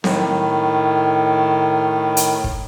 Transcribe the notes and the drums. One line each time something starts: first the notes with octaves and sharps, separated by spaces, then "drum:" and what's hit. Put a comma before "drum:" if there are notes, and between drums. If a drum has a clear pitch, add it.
A2 D#3, drum: snare C4
drum: hi-hat
drum: kick